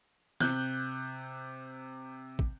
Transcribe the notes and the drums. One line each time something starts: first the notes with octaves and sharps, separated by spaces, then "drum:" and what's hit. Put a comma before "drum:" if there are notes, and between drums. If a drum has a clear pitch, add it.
C3 F#6 G6, drum: snare
drum: kick